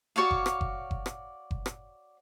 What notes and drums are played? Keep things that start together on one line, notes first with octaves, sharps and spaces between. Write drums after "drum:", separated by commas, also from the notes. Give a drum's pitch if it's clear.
F#4 C#5 D5 F5
drum: kick F#1
drum: rim click
drum: kick F#1
drum: kick F#1
drum: rim click
drum: kick F#1
drum: rim click